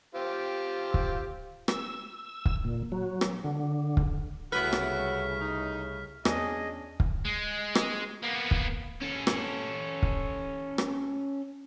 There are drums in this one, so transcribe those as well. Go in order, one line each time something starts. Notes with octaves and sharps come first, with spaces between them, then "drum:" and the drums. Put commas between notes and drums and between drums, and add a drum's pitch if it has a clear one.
C4 F4 G4
drum: kick
E6, drum: rim click
drum: kick
A#2
F#3
drum: rim click
D3
drum: kick
C2 A2 C#3 E4 F#4 B4 F6 B6
drum: rim click
D#4
E2 B3 C#4 D4 G#4 D#5, drum: rim click
drum: kick
G#3
drum: rim click
A#3 B3
drum: kick
C#4 A4
drum: rim click
drum: kick
drum: rim click